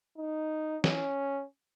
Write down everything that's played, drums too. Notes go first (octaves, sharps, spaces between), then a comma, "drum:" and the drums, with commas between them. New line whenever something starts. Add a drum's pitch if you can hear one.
D#4
C#4, drum: snare